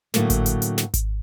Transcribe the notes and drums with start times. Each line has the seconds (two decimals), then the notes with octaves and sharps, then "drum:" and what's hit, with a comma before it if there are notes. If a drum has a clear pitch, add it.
0.14 A2 D3 F#3 A3 A#3, drum: snare
0.30 drum: kick G#1, hi-hat
0.46 drum: hi-hat
0.62 drum: hi-hat
0.78 drum: snare
0.94 drum: kick G#1, hi-hat